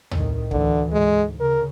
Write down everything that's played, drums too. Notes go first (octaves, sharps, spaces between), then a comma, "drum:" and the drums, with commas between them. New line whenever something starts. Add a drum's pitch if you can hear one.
C2 A2 D#3, drum: tom D#2
D2 D3 E3, drum: kick
G#2 G#3
C#3 A#4